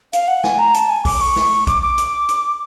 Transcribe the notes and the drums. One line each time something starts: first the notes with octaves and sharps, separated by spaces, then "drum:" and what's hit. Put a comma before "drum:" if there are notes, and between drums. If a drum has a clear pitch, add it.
F5, drum: hi-hat
F#5
G#5, drum: snare
A#5
A5, drum: hi-hat
G#5
D6, drum: kick A#1, open hi-hat
C#6
drum: snare
D6, drum: kick A#1, hi-hat
D6
drum: hi-hat
drum: hi-hat